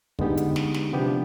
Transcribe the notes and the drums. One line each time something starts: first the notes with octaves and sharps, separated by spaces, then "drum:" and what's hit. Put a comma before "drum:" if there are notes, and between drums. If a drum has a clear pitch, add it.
D3 G#3 B3 D#4 G4, drum: kick
drum: hi-hat
drum: snare
drum: snare
C3 F3 B3 D4 G4